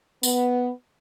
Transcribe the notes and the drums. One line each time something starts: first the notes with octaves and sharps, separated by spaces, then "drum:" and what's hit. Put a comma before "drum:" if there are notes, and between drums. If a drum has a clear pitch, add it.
B3, drum: tambourine